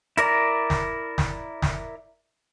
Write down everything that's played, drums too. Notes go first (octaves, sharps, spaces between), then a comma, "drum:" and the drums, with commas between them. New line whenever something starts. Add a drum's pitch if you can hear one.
E4 A#4 D5 A#5, drum: hi-hat
drum: snare
drum: snare
drum: snare